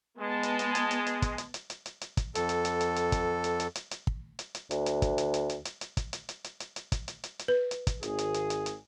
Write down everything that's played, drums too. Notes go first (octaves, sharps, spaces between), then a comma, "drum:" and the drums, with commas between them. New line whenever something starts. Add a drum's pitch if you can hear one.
G#3 B3 A5
drum: hi-hat
drum: hi-hat
drum: hi-hat
drum: hi-hat
drum: hi-hat
drum: kick, hi-hat
drum: hi-hat
drum: hi-hat
drum: hi-hat
drum: hi-hat
drum: hi-hat
drum: kick, hi-hat
F2 A4, drum: hi-hat
drum: hi-hat
drum: hi-hat
drum: hi-hat
drum: hi-hat
drum: kick, hi-hat
drum: hi-hat
drum: hi-hat
drum: hi-hat
drum: hi-hat
drum: kick
drum: hi-hat
drum: hi-hat
D2, drum: hi-hat
drum: hi-hat
drum: kick, hi-hat
drum: hi-hat
drum: hi-hat
drum: hi-hat
drum: hi-hat
drum: hi-hat
drum: kick, hi-hat
drum: hi-hat
drum: hi-hat
drum: hi-hat
drum: hi-hat
drum: hi-hat
drum: kick, hi-hat
drum: hi-hat
drum: hi-hat
drum: hi-hat
B4
drum: hi-hat
drum: kick, hi-hat
G#1 G#4, drum: hi-hat
drum: hi-hat
drum: hi-hat
drum: hi-hat
drum: hi-hat